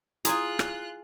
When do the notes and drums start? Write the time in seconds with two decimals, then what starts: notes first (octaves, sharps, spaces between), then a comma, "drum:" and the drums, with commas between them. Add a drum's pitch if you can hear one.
0.25 E4 F4 G#4 G#5 A#5 C6 F#6, drum: hi-hat
0.59 drum: rim click